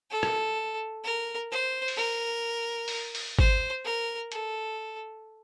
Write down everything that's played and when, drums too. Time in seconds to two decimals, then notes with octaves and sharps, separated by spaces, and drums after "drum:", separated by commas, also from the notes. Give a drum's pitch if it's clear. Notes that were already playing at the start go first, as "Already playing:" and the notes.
0.10 A4
0.23 drum: rim click
1.04 A#4
1.51 C5
1.88 drum: open hi-hat
1.97 A#4
2.88 drum: open hi-hat
3.15 drum: open hi-hat
3.39 C5, drum: kick G#1
3.85 A#4
4.32 A4, drum: hi-hat